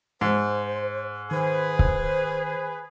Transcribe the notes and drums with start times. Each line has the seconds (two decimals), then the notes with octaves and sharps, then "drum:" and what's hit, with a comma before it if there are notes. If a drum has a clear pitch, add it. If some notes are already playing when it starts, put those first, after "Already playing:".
0.21 G#2 C5
1.31 D#3 G#4 B4 C5
1.79 drum: kick C#1